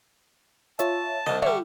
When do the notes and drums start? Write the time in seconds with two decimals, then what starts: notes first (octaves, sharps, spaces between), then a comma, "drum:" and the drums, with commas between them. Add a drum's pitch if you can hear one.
0.79 F4 C#5 E5 A5, drum: hi-hat
1.26 C2 D#5, drum: snare
1.42 D3 G3 E5 C#6, drum: tom